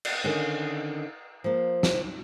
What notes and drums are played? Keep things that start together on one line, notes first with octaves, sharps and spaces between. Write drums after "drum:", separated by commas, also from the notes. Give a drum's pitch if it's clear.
drum: cymbal
D3 D#3 C#4
F3 A#3
drum: snare